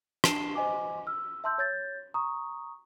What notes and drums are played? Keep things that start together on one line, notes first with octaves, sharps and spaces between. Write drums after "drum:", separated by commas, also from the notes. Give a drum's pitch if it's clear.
D4 A5 C7 D7 E7 G7, drum: rim click
C5 D#5 G#5 D6
E6 F6
E5 A5 C6 E6 G6
C#5 G6 A6
A#5 C#6 D#6